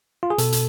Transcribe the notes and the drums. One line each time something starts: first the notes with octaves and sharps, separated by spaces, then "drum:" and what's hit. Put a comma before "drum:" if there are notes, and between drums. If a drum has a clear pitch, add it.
F4
G#4
B2 A4, drum: hi-hat
drum: hi-hat